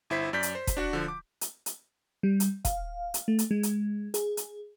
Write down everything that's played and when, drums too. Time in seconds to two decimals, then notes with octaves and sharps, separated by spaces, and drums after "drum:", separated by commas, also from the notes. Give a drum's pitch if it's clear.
0.10 G1 E4 C5 B6
0.33 F#2 D5 G6 B6
0.43 drum: hi-hat
0.55 C5
0.67 drum: kick E1, hi-hat
0.77 D4 F#4 F#5
0.93 D3 F3
1.08 D6
1.41 drum: hi-hat
1.66 drum: hi-hat
2.23 G3
2.40 drum: hi-hat
2.65 F5, drum: kick E1, hi-hat
3.14 drum: hi-hat
3.28 A3
3.39 drum: hi-hat
3.51 G#3
3.63 drum: hi-hat
4.14 G#4, drum: hi-hat
4.37 drum: hi-hat